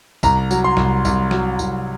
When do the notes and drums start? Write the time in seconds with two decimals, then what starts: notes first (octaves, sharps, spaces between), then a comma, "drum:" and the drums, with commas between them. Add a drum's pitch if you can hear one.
0.23 C2 A#5, drum: kick, tambourine
0.51 F#3, drum: tambourine
0.64 C6
0.77 C2, drum: snare
1.05 C2, drum: tambourine
1.31 F#3, drum: snare
1.59 C2, drum: tambourine